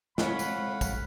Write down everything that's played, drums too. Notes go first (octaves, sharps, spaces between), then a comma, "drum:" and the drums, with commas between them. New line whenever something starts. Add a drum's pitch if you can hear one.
G#3 A3 C4 C#5 F5 F#5 B5, drum: snare
drum: tambourine
drum: kick, tambourine